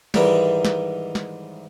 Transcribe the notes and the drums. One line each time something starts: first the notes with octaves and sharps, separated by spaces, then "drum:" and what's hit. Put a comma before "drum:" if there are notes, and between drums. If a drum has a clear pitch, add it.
G#2 D#3 E3 G3, drum: snare
drum: snare
drum: snare